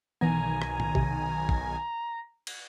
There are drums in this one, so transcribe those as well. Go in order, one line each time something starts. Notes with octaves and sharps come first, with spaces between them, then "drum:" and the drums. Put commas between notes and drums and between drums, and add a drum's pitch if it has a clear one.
B1 D#3 E3 B3 G#5 A#5
drum: rim click
drum: tom
C3, drum: kick
drum: kick
drum: cymbal